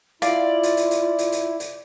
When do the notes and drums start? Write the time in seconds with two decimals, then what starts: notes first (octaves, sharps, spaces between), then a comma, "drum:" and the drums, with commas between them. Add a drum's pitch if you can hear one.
0.22 E4 F4 D5 F5, drum: hi-hat
0.63 drum: hi-hat
0.77 drum: hi-hat
0.91 drum: hi-hat
1.19 drum: hi-hat
1.32 drum: hi-hat
1.60 drum: hi-hat